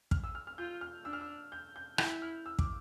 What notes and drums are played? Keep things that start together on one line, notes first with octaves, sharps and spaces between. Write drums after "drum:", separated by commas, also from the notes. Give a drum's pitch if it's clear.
F6, drum: kick
E6
F6
F6
F4 G6
F6
D4 E6
F6
E6
G6
G6
E4 G6, drum: rim click
F6
E6
D6, drum: kick